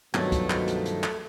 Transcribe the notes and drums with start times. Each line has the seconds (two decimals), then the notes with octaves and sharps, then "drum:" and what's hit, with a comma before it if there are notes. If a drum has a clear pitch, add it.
0.14 G2 B2 D#3 F3 F#3 A3, drum: clap
0.32 drum: kick C2, hi-hat
0.50 drum: clap
0.68 drum: hi-hat
0.86 drum: hi-hat
1.03 drum: clap